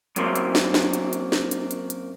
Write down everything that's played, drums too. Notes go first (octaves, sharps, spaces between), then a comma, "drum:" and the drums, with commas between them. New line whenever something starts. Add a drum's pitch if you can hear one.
F#2 F#3 A#3 C4 C6, drum: hi-hat
drum: hi-hat
drum: snare
drum: snare
drum: hi-hat
drum: hi-hat
drum: snare
drum: hi-hat
drum: hi-hat
drum: hi-hat